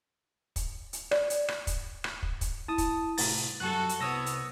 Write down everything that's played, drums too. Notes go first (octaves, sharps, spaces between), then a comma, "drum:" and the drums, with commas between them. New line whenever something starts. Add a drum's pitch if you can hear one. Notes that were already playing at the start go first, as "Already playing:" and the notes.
drum: kick, hi-hat
drum: hi-hat
D5, drum: rim click
drum: hi-hat
drum: rim click
drum: kick, hi-hat
drum: rim click
drum: kick
drum: kick, hi-hat
E4 A5 D#6
drum: kick, hi-hat
C2 A2 A#5 A6, drum: open hi-hat
F#2 G3 F#4 A4 F#6
drum: hi-hat
C2 B3 C#5 D#6 E6 A#6
drum: hi-hat